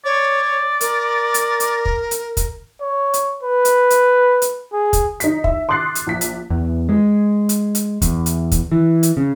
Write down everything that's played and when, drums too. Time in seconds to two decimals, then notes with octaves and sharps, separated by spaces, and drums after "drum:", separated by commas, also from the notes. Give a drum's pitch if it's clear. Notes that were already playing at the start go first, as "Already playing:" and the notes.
0.05 C#5 D5
0.81 A#4, drum: hi-hat
1.34 drum: hi-hat
1.60 drum: hi-hat
1.85 drum: kick
2.11 drum: hi-hat
2.37 drum: kick, hi-hat
2.81 C#5
3.14 drum: hi-hat
3.43 B4
3.65 drum: hi-hat
3.90 drum: hi-hat
4.42 drum: hi-hat
4.73 G#4
4.93 drum: kick, hi-hat
5.20 D#4 B6, drum: hi-hat
5.44 E5, drum: kick
5.69 C6 D6 D#6 F#6 A6 C7
5.95 drum: hi-hat
6.07 A#1 B6
6.21 drum: hi-hat
6.51 E2
6.89 G#3
7.49 drum: hi-hat
7.75 drum: hi-hat
8.02 E2, drum: kick, hi-hat
8.26 drum: hi-hat
8.51 drum: kick, hi-hat
8.72 E3
9.03 drum: hi-hat
9.17 C#3